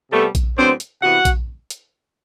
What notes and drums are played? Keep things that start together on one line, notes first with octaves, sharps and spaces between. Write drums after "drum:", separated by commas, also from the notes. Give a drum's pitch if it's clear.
C3 G3 A3 B3 A4
drum: kick A#1, hi-hat
A2 F#3 B3 C4 D4 C5
drum: hi-hat
C3 E3 B3 E4 F#4 F#5
drum: kick A#1, hi-hat
drum: hi-hat